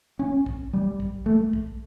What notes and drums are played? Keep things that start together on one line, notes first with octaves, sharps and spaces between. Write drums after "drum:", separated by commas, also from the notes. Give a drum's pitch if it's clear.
C#4
drum: kick
G3
drum: kick
A3
drum: kick